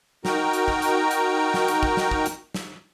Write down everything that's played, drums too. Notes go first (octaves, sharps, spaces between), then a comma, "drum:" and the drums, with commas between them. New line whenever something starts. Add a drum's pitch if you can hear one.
D#4 F#4 A#4 G5 A#5, drum: snare
drum: hi-hat
drum: kick
drum: hi-hat
drum: hi-hat
drum: snare
drum: hi-hat
drum: kick
drum: snare
drum: kick
drum: hi-hat
drum: snare